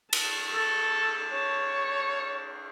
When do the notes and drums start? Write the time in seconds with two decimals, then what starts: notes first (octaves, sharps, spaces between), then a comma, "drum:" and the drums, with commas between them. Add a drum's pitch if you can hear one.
0.13 A5, drum: cymbal
0.54 A4
1.33 C#5